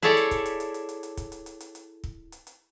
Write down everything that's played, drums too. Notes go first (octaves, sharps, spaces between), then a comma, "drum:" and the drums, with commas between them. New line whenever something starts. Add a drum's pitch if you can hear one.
E4 G#4 A4 C#5 D5 E5, drum: hi-hat
drum: hi-hat
drum: kick, hi-hat
drum: hi-hat
drum: hi-hat
drum: hi-hat
drum: hi-hat
drum: hi-hat
drum: kick, hi-hat
drum: hi-hat
drum: hi-hat
drum: hi-hat
drum: hi-hat
drum: kick
drum: hi-hat
drum: hi-hat